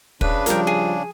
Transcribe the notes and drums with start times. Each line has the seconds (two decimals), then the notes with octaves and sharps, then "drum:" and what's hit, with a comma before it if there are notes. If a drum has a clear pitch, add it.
0.21 C#3 D4 B4, drum: kick
0.46 F3 G3 F4 A#4 G5, drum: hi-hat
0.67 G#4